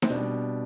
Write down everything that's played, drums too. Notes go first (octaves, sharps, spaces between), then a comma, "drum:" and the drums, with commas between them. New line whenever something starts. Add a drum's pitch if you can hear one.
C4, drum: snare D#4
B2 G3 D4